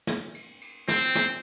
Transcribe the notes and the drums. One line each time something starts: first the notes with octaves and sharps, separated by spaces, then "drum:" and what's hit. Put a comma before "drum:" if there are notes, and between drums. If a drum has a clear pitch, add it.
drum: snare
drum: cymbal
drum: cymbal
C4, drum: snare
drum: snare